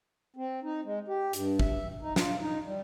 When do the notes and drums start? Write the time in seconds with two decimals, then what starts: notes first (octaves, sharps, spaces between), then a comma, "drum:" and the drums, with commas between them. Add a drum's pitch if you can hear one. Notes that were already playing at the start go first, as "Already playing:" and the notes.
0.36 C4
0.63 D#4
0.84 G#3
1.08 G4
1.33 G2, drum: hi-hat
1.59 E5, drum: kick
2.02 D#4
2.16 F4, drum: snare
2.40 D#4
2.64 G3